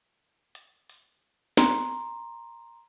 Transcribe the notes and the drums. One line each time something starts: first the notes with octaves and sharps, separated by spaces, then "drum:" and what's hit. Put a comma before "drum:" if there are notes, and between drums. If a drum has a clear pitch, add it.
drum: hi-hat
drum: open hi-hat
A#5 C6, drum: snare